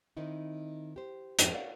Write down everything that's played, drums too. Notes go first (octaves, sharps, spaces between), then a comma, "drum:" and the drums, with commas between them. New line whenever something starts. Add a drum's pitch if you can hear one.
D#3 C4 D#4 E4
G4 C5
F2 G#2 F3 G#3 C#4, drum: hi-hat
C#5 D5 F5 F#5